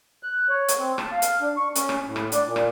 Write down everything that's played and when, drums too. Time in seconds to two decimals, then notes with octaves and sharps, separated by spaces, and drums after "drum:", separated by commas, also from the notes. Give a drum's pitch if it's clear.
0.23 F#6
0.49 C#5
0.69 drum: hi-hat
0.78 C4
0.98 A5, drum: rim click
1.12 F5
1.22 drum: hi-hat
1.41 D4
1.57 C#6
1.76 C#4, drum: hi-hat
1.89 drum: rim click
2.06 A2
2.16 drum: rim click
2.32 D4, drum: hi-hat
2.45 A#2
2.56 drum: rim click